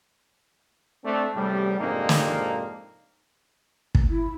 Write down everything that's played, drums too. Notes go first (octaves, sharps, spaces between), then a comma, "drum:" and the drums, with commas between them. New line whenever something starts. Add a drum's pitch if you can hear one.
A3 C4 D4
E2 A2 C3 G3
F2 G#2 C3 A#3 D4 D#4
drum: snare
drum: kick
E4